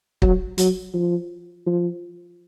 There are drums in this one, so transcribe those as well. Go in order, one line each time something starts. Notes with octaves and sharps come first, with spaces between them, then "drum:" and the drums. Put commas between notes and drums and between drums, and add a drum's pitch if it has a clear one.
F#3, drum: kick
F#3, drum: hi-hat
F3
F3